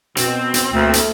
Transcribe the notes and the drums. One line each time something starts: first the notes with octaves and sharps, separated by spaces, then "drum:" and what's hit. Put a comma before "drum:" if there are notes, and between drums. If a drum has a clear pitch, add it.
B2 C4, drum: hi-hat
drum: hi-hat
D2 A3 A#3
drum: hi-hat